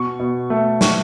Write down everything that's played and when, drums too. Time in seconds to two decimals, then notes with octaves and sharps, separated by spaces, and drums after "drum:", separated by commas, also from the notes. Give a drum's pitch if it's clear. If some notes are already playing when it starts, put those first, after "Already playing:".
Already playing: B2 C#6
0.20 B2
0.50 A3
0.81 C#6, drum: snare